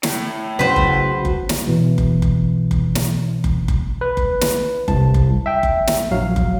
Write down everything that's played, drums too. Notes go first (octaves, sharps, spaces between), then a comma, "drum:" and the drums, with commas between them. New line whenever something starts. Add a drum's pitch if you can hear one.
A2, drum: snare
C#3 F#3 F#4 B4 C5
drum: kick F#1
drum: kick F#1
drum: snare
B2 E3
drum: kick F#1
drum: kick F#1
drum: kick F#1
drum: snare
drum: kick F#1
drum: kick F#1
B4
drum: kick F#1
drum: snare
C2 A5, drum: kick F#1
drum: kick F#1
E5 G5
drum: kick F#1
drum: snare
A#1 F#3 F5
drum: kick F#1